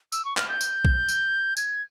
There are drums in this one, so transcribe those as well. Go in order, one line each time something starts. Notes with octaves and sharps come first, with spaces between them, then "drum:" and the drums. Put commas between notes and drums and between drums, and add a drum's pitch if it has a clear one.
E6, drum: tambourine
C#6
F6, drum: clap
G6
drum: tambourine
drum: kick
drum: tambourine
G#6, drum: tambourine